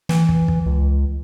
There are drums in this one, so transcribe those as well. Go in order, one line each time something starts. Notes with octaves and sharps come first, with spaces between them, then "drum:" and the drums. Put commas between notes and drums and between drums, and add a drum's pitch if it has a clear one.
E3, drum: snare
drum: kick
drum: kick
C#2